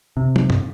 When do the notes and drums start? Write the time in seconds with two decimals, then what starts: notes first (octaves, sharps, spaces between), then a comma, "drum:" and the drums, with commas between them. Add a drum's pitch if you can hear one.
0.17 C3
0.36 drum: tom
0.50 drum: tom